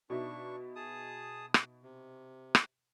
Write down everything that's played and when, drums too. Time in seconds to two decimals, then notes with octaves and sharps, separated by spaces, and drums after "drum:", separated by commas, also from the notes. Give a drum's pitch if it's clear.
0.10 B2 D4 D#4 E5 C#6
0.76 G#4 A5 D#6
1.54 drum: rim click
1.83 C3
2.55 drum: rim click